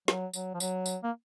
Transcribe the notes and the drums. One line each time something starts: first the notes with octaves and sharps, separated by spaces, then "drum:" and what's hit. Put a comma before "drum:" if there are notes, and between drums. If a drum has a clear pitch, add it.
F#3, drum: snare
F#3, drum: tambourine
F3
F#3, drum: tambourine
drum: tambourine
A#3